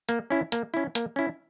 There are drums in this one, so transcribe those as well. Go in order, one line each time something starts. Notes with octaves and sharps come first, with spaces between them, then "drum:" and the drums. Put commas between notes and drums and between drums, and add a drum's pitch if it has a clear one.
A#3, drum: hi-hat
C#4 E4
A#3, drum: hi-hat
C#4 E4
A#3, drum: hi-hat
C#4 E4